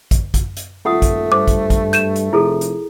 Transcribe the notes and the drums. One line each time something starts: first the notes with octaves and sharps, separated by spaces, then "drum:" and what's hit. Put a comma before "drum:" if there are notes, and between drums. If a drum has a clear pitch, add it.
drum: kick, hi-hat
drum: kick, hi-hat
drum: hi-hat
D#1 A3 F4 F#5 D#6
drum: kick, hi-hat
G2 C5 D6
drum: kick, hi-hat
drum: kick, hi-hat
G6 D#7 E7, drum: hi-hat
drum: hi-hat
F1 E4 G#4 A4
drum: hi-hat